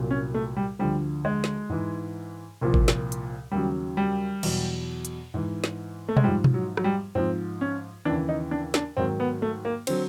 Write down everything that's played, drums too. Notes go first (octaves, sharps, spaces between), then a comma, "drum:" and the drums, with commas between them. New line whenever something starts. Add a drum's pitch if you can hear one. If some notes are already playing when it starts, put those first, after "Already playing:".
Already playing: C2 A#2 F#3
C#4
A3
G3
D2 D3 F3 G3
G#3
drum: snare
G#2 E3
C2 A#2 F3
drum: kick G#1
drum: snare
drum: hi-hat
D#2 C#3 F#3 G3
G3
E2 B2 F#3, drum: cymbal
drum: hi-hat
G#2 E3
drum: snare
A3
G#3, drum: tom B2
G#2 F3 G3
drum: tom B2
F#3
F#3, drum: rim click
G3
G#2 F3 C4
C#4
D#2 C#3 E3 D4
D#4
D4
D4, drum: snare
G#2 D#3 F#3 C4
B3
A3
A#3
D3 F#3 C4, drum: cymbal